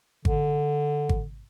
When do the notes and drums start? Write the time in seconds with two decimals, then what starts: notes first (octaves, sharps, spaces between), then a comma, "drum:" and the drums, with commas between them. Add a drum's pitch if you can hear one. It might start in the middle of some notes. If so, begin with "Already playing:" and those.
0.25 D3, drum: kick G#1
1.09 drum: kick G#1